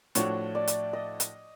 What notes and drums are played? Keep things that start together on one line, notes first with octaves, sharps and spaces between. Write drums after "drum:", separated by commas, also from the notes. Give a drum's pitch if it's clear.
A2 F3 A3 D4 F#4 C#5, drum: hi-hat
D5
drum: hi-hat
D#5
drum: hi-hat